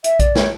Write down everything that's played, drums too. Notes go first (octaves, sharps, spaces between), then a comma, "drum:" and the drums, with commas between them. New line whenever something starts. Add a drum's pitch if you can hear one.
E5, drum: hi-hat
D5, drum: kick A#1, hi-hat
C#5, drum: snare